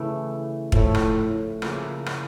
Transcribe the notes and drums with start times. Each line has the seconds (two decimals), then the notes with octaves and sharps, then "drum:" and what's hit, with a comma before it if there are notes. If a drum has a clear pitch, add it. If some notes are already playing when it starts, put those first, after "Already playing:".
Already playing: C#3 E3 A3
0.72 A2 F3 A3 E4, drum: kick
0.94 drum: rim click
1.62 C#3 F3 A#3 E4, drum: rim click
2.06 drum: rim click